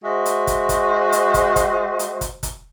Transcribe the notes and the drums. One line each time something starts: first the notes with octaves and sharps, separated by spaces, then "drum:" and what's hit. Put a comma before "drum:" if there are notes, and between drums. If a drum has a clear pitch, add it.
G#3 F#4 C5 D#5 E5
drum: hi-hat
drum: kick, hi-hat
drum: kick, hi-hat
drum: hi-hat
drum: kick, hi-hat
drum: kick, hi-hat
drum: hi-hat
drum: kick, hi-hat
drum: kick, hi-hat